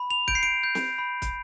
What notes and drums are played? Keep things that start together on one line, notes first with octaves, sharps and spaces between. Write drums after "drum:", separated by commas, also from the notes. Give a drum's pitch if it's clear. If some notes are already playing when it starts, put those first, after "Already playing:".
Already playing: B5
F7
G6 D7, drum: kick
C7
D7
G6
drum: snare
B5
drum: kick, hi-hat